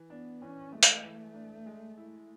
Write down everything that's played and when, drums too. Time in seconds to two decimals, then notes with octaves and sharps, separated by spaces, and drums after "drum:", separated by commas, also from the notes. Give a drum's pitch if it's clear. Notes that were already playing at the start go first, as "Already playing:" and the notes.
Already playing: E3
0.10 B3 D4
0.41 E3 C#4
0.72 G#3 A3
0.83 drum: hi-hat
1.03 E3
1.34 D4
1.66 G#3
1.97 E4